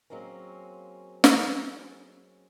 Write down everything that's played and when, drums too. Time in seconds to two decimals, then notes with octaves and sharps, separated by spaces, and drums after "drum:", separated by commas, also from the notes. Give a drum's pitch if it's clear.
0.10 F#3 G#3 A#3 C4 C#4
1.24 drum: snare